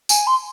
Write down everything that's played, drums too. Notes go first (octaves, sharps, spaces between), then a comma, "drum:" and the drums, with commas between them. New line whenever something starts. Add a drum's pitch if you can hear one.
G#5, drum: tambourine
C6